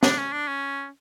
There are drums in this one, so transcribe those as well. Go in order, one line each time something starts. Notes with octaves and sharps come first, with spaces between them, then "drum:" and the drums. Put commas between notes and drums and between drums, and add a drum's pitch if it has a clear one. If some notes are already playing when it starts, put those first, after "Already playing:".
D4, drum: snare
C#4
D4
C#4